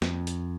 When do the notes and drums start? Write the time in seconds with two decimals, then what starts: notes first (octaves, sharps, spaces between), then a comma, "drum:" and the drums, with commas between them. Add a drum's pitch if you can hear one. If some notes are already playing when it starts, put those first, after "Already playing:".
0.02 F2, drum: snare
0.27 drum: hi-hat